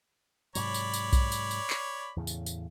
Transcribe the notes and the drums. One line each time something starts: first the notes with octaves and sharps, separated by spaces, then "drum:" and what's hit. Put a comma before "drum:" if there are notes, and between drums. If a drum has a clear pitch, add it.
G#2 C3 F#3 C#5 D5 B5, drum: tambourine
drum: tambourine
drum: tambourine
drum: kick B1, tambourine
drum: tambourine
drum: tambourine
drum: clap
E2 A2 C#3
drum: tambourine
drum: tambourine